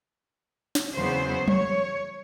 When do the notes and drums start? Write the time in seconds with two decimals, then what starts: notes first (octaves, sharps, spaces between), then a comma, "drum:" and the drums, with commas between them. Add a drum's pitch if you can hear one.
0.75 drum: snare
0.94 E2 C#3 F#3 B3 C5
1.48 C#5, drum: tom F#3